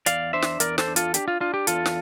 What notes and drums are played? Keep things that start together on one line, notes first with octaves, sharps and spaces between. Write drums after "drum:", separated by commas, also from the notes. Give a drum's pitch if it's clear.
E2 D5 F5, drum: hi-hat
D4 C5 E5
drum: snare
E2 A#4 D5, drum: hi-hat
A4 C5, drum: snare
D4
F4 A4, drum: hi-hat
D4 G4, drum: hi-hat
F4
D4 F4
G4
E2 F4 A4, drum: hi-hat
drum: snare